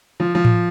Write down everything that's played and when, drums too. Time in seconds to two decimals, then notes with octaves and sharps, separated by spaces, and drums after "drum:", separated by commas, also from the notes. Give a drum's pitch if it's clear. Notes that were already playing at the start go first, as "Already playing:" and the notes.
0.20 F3
0.35 F3
0.45 drum: tom A2